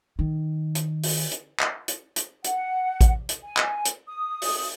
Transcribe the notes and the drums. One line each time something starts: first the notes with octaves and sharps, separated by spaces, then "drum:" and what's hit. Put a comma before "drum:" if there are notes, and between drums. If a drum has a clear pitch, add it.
D#3
drum: hi-hat
drum: open hi-hat
drum: hi-hat
drum: clap
drum: hi-hat
drum: hi-hat
F#5, drum: hi-hat
drum: kick A1, hi-hat
drum: hi-hat
G#5
drum: clap
drum: hi-hat
D#6
drum: open hi-hat